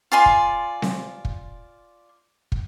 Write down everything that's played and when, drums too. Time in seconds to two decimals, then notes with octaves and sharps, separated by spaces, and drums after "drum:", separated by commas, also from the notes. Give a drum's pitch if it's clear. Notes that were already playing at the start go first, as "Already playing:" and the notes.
0.12 F4 D5 G#5 C6
0.26 drum: kick
0.82 drum: snare C4
1.25 drum: kick
2.52 drum: kick